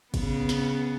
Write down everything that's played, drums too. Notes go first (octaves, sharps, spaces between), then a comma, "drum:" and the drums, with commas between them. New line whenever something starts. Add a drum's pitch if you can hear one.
C#3 B3, drum: kick G1, cymbal
drum: snare